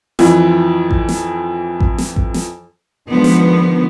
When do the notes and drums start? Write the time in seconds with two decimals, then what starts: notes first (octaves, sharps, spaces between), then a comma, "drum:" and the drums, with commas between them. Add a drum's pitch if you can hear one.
0.19 F2 E3 F3, drum: snare
0.91 drum: kick A1
1.09 drum: snare
1.80 drum: kick A1
1.98 drum: snare
2.16 drum: kick A1
2.34 drum: snare
3.11 D3 D#3 F3 G#3 B3
3.24 drum: snare